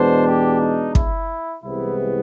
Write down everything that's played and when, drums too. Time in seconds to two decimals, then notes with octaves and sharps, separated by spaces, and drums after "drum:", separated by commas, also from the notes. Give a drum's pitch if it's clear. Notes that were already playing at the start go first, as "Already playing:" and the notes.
Already playing: E2 B2 G#3 B3 D4 C5
0.28 G4
0.61 D#4
0.95 E4, drum: kick
1.63 C2 C3 E3 G#3 B3 E4